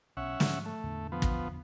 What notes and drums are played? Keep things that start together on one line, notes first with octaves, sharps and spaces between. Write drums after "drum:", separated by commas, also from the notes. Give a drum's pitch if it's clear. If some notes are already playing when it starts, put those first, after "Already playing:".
B1 C#4 E5 F#5
G#2 F3 G#3, drum: snare
A3
E2 A2 D3
F3 B3
drum: kick